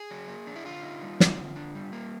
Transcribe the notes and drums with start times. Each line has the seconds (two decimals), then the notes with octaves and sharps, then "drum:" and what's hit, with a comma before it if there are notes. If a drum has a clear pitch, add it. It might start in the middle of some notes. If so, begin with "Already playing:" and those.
Already playing: G#4
0.11 F#3
0.28 A#3
0.47 D4
0.56 E4
0.65 D3 F4
0.83 D#4
1.02 G3
1.20 C4, drum: snare
1.38 D3
1.56 D4
1.75 G3
1.93 A#3